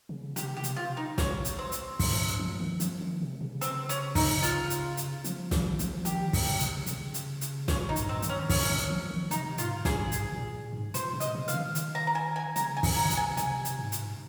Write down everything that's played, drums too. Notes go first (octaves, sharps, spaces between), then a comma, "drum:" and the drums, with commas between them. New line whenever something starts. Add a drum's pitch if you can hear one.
C#3
C3 G4, drum: hi-hat
G4
C3, drum: hi-hat
F4
D#4
C#4, drum: snare
drum: hi-hat
C4
drum: hi-hat
G#2, drum: kick, open hi-hat
G2
F3
D#3
F3, drum: hi-hat
D#3
C3
C#3
C4, drum: hi-hat
C#4, drum: hi-hat
D#4, drum: kick, open hi-hat
F4, drum: hi-hat
drum: hi-hat
drum: hi-hat
F3, drum: hi-hat
D#3, drum: snare
F3, drum: hi-hat
D#3 G4, drum: hi-hat
C#3, drum: kick, open hi-hat
C3, drum: hi-hat
C#3, drum: hi-hat
drum: hi-hat
drum: hi-hat
A#2 C#4, drum: snare
D#4
G2, drum: hi-hat
C4
D#3, drum: hi-hat
C#4
D#3 C#4, drum: kick, open hi-hat
D#3
F3
D#3
C3 D#4, drum: hi-hat
G#2 F4, drum: hi-hat
G2 G#4, drum: snare
G#2, drum: hi-hat
A#2
G#2
A#2 C5, drum: hi-hat
C3
D#5, drum: hi-hat
C#3
F5, drum: hi-hat
D#3
drum: hi-hat
A#5
A#5
G#5
G#5
C#3 A#5, drum: hi-hat
G#5
D#3, drum: kick, open hi-hat
A#5
C3, drum: hi-hat
G#5
C3 G#5, drum: hi-hat
drum: hi-hat
G#2
drum: hi-hat